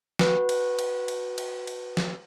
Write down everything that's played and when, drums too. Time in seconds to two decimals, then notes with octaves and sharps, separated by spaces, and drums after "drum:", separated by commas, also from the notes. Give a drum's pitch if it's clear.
0.19 F#4 B4, drum: snare
0.49 drum: cymbal
0.79 drum: cymbal
1.08 drum: cymbal
1.38 drum: cymbal
1.67 drum: cymbal
1.97 drum: snare